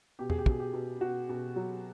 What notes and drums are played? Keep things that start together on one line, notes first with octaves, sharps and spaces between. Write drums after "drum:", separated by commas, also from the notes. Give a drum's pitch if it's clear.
B2 G4
G#4, drum: tom E2
G4
B2 G#4, drum: kick
G4
B2
B2 F#4
B2
F#3